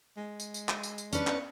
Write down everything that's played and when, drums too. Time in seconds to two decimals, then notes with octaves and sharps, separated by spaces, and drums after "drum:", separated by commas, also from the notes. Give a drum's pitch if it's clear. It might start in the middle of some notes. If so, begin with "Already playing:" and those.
0.17 G#3
0.40 drum: tambourine
0.54 drum: tambourine
0.69 drum: clap
0.83 drum: tambourine
0.98 drum: tambourine
1.13 C#4 D4 B4, drum: tambourine
1.27 drum: clap